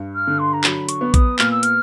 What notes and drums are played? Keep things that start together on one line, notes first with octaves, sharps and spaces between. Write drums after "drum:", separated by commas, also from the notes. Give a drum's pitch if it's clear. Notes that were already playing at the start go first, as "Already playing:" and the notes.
Already playing: G2
F6
D3
C6
A#5
F#3 B5, drum: clap
C#6, drum: hi-hat
B3
D#6, drum: kick A#1, hi-hat
A#2 F6, drum: clap
E6
F6, drum: hi-hat